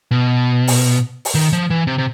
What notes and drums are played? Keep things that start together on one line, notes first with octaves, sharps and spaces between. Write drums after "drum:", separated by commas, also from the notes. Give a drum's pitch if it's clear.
B2
drum: open hi-hat
drum: open hi-hat
D#3
F3
E3
C3
C3